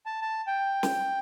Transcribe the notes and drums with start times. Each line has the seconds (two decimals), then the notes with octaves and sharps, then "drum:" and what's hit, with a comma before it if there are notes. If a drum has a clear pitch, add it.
0.06 A5
0.22 A5
0.47 G5
0.83 drum: snare